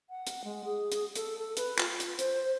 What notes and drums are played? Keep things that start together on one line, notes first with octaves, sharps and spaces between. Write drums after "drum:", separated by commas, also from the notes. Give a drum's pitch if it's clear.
F#5
drum: hi-hat
G#3
G#4
drum: hi-hat
A4, drum: hi-hat
A4
B4, drum: hi-hat
F4, drum: clap
drum: hi-hat
C5, drum: hi-hat